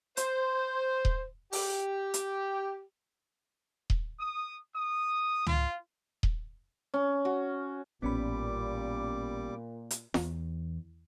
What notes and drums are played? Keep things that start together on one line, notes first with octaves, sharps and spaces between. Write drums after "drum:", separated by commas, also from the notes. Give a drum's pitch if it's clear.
C5, drum: hi-hat
drum: kick D#1
G4, drum: open hi-hat
drum: hi-hat
drum: kick D#1
D#6
D#6
F4, drum: tom C#2
drum: kick D#1
C#4
F#4
A1 A#2 G3 B3 C#4 D#4 B5 D6
drum: hi-hat
E2, drum: snare